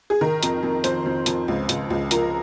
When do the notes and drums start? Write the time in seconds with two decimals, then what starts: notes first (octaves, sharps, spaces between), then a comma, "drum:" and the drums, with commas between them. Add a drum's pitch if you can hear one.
0.10 G#4
0.21 D#3 A#4
0.43 F2, drum: hi-hat
0.63 F2
0.84 F2 C5, drum: hi-hat
1.06 F2
1.26 F2, drum: hi-hat
1.48 C#2
1.69 C#2, drum: hi-hat
1.90 C#2
2.11 F3 A#4, drum: hi-hat